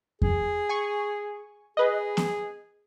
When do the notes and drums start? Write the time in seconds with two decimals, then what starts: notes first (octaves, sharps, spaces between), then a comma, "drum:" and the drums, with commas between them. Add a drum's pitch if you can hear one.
0.22 G#4, drum: kick F2
0.69 G#5 C#6
1.77 G#4 B4 D#5
2.17 drum: snare B3